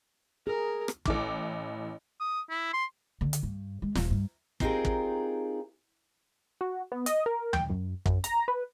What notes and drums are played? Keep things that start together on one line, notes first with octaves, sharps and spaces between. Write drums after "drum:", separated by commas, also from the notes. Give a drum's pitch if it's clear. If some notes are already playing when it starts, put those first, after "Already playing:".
G#4 A#4
drum: rim click
A1 E4 D6, drum: kick
D#6
E4
C6
D3
drum: hi-hat
G2
G#3
D#1, drum: snare
G2
C4 D#4 F4 G4 G#4 A#4, drum: kick
drum: kick
F#4
B3
D#5, drum: hi-hat
A#4
G5, drum: tom
F#2
F#2, drum: kick
A#5, drum: hi-hat
B4